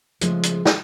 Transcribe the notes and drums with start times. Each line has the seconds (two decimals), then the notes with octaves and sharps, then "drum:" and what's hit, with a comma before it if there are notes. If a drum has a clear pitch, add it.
0.21 C#3 F3 G#3 A3, drum: hi-hat
0.43 drum: hi-hat
0.65 drum: snare